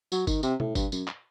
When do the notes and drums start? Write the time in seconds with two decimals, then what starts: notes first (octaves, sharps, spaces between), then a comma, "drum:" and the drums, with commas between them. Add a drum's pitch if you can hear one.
0.12 F#3, drum: tambourine
0.27 D#3, drum: kick G1, tambourine
0.43 C3, drum: tambourine
0.60 A2, drum: tom B2
0.75 G2, drum: kick G1, tambourine
0.92 F#2, drum: tambourine
1.08 drum: clap